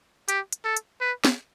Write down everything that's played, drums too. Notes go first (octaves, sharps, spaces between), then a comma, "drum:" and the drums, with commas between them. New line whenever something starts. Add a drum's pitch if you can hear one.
G4, drum: hi-hat
drum: hi-hat
A4
drum: hi-hat
B4
drum: snare